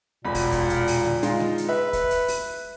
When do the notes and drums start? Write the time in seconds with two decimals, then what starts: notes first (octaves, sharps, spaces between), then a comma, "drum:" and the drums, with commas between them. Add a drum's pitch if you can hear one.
0.25 E1 A#2 B5
0.35 drum: kick, open hi-hat
0.52 drum: kick, hi-hat
0.70 drum: hi-hat
0.87 drum: open hi-hat
1.05 drum: tom C#3
1.23 G#3 D#4 F4, drum: hi-hat
1.40 drum: snare G#3
1.58 drum: hi-hat
1.69 B4 E5
1.93 drum: kick, hi-hat
2.11 drum: hi-hat
2.28 drum: open hi-hat